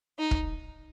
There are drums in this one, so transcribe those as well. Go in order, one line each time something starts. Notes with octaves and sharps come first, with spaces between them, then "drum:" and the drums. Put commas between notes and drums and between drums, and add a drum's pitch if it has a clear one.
D#4
drum: kick